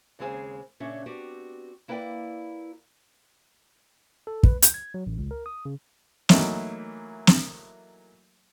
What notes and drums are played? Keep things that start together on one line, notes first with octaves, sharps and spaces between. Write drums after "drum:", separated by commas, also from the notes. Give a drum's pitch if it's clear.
D#2 C#3 G#3 C4 G#4 C5
A#2 C#3 C#4 D4 C#5 E5
B3 C4 D4 F#4 G4
A#3 E4 B4 D5 G5
A4
B4, drum: kick
G6, drum: hi-hat
G#6
F#3
A1
C#2
A#4
D#6
C#3
E3 F#3 A3 A#3 D#4 E4, drum: snare
drum: snare